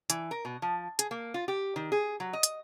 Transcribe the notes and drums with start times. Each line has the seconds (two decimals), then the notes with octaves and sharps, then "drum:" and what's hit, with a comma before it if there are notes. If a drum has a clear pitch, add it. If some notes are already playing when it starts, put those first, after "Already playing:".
0.10 E3, drum: hi-hat
0.31 A#4
0.45 B2
0.62 F3
0.99 G#4, drum: hi-hat
1.11 A#3
1.34 F4
1.48 G4
1.76 D#3
1.92 G#4
2.20 F#3
2.33 D#5
2.43 drum: hi-hat